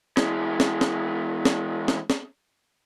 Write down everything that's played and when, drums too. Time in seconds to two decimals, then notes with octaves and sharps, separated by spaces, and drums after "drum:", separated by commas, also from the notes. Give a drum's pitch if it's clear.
0.17 E3 G#3, drum: snare
0.60 drum: snare
0.81 drum: snare
1.45 drum: snare
1.88 drum: snare
2.10 drum: snare